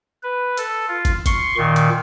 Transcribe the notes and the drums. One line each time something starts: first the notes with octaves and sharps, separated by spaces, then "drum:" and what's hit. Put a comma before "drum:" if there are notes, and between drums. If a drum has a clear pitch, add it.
B4
A4, drum: hi-hat
F4
drum: kick, hi-hat
C6 C#6, drum: kick, hi-hat
A#2 D#3
drum: hi-hat